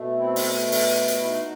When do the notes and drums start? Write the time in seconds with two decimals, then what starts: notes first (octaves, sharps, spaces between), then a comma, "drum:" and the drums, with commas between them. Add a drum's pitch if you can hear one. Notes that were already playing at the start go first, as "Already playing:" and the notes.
Already playing: B2 A3
0.17 C4 E4
0.36 drum: open hi-hat
0.72 drum: open hi-hat
1.08 drum: hi-hat
1.19 E4
1.25 D#4 F#4